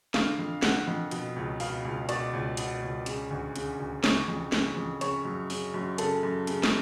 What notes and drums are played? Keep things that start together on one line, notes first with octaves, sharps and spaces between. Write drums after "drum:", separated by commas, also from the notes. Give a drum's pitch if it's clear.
D3 F5, drum: snare
F2
D3 F#5, drum: snare
F2
B2, drum: hi-hat
C#2
B2 F5, drum: open hi-hat
C#2
B2 D5, drum: hi-hat
C#2
B2, drum: hi-hat
C#2
C#3, drum: hi-hat
D2
C#3, drum: hi-hat
D2
C#3 C#5, drum: snare
F2
C#3, drum: snare
F2
C#3 C#5, drum: hi-hat
F#2
C#3, drum: open hi-hat
F#2
C#3 A4, drum: hi-hat
F#2
C#3, drum: hi-hat
drum: snare